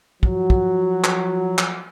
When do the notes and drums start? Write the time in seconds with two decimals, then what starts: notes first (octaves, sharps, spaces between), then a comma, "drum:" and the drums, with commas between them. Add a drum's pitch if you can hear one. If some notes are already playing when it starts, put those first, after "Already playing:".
0.23 F3 F#3 F#4, drum: kick
0.50 drum: kick
1.04 drum: clap
1.58 drum: clap